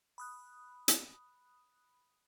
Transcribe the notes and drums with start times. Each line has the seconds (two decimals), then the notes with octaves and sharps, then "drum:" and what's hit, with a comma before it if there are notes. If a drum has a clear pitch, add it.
0.18 B5 D#6 F#6
0.88 drum: hi-hat